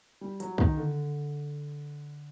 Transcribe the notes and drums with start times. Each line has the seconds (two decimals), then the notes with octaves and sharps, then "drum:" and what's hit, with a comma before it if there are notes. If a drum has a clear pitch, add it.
0.21 G3
0.40 F#3, drum: hi-hat
0.58 D#3, drum: kick
0.77 D3